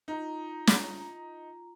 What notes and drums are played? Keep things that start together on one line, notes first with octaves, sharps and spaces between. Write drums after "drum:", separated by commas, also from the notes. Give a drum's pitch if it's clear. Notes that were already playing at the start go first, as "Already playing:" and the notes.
D#4 F4 A#5
drum: snare